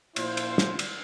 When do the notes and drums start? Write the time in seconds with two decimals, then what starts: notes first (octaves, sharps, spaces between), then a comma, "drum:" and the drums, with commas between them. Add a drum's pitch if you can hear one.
0.16 A#2 F3 E4 F4 C5, drum: cymbal
0.37 drum: cymbal
0.58 drum: snare
0.79 drum: cymbal